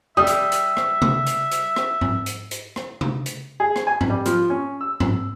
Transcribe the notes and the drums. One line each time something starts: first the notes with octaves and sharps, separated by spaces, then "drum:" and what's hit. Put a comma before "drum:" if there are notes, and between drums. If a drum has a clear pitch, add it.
G3 E5 D#6
drum: hi-hat
drum: hi-hat
drum: rim click
drum: tom C3
drum: hi-hat
drum: hi-hat
drum: rim click
drum: tom G#2
drum: hi-hat
drum: hi-hat
drum: rim click
drum: tom C3
drum: hi-hat
G#4
drum: rim click
G#5
drum: tom G#2
G3
F3, drum: hi-hat
C#4
E6
drum: tom G#2